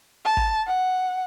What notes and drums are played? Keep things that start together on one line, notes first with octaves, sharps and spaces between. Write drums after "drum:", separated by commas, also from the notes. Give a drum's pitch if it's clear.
A5
drum: kick
F#5